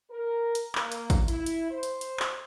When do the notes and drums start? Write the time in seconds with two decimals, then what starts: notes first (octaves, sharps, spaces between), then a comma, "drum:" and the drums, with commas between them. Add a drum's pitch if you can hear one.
0.10 A#4
0.55 drum: hi-hat
0.75 A#3, drum: clap
0.92 drum: hi-hat
1.10 drum: kick A1, hi-hat
1.28 E4, drum: hi-hat
1.46 drum: hi-hat
1.71 C5
1.83 drum: hi-hat
2.01 drum: hi-hat
2.20 drum: clap